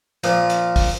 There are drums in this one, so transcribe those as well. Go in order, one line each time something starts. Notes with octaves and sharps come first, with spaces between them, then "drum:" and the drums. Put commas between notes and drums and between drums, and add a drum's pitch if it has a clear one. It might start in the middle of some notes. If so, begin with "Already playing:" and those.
A#2 F3, drum: hi-hat
drum: hi-hat
drum: kick, open hi-hat